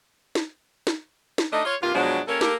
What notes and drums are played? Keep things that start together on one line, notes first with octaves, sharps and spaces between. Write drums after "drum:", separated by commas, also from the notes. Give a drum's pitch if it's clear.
drum: snare
drum: snare
drum: snare
F3 A3 D4 D#4 D#5
F4 C#5
G2 C3 A#3 F4
F#2 B2 F3 F#3 G#3 D4
G3 A#3 C#4 A4 A#4 C#5
A3 A#3 G4 A4 A#4, drum: snare